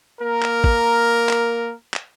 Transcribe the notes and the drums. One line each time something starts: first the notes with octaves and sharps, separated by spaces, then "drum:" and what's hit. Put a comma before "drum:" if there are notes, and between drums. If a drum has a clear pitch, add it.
A#3 A#4
drum: clap
drum: kick
drum: clap
drum: clap